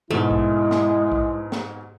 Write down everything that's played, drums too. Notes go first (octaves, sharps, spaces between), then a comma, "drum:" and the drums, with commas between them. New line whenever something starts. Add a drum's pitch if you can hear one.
G#2 B2 G#3 A3 E4
drum: kick A#1
drum: snare
drum: kick A#1
drum: snare